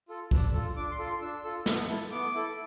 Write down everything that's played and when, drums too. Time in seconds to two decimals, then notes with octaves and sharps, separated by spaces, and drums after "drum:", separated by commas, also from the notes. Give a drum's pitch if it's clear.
0.08 F4 A4
0.31 D4 E6, drum: kick
0.53 F4 A4
0.76 D4 D6
0.91 C6
0.99 F4 A4
1.06 C6
1.22 D4 E6
1.44 F4 A4
1.66 B3, drum: snare
1.88 E4 A4
2.11 B3 D6
2.34 E4 A4